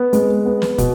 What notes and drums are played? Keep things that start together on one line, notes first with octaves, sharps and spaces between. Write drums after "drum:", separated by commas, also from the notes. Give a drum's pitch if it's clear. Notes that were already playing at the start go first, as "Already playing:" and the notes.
Already playing: B3
G#3, drum: hi-hat
B3
drum: snare
B2, drum: kick, hi-hat